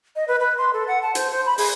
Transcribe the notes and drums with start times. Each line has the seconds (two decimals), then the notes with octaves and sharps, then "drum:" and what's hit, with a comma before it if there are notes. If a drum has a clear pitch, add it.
0.16 D#5
0.28 B4
0.40 B4
0.58 C6
0.73 A4
0.88 F#5
1.02 A5
1.15 C5, drum: hi-hat
1.31 C5
1.46 B5
1.58 G#4, drum: open hi-hat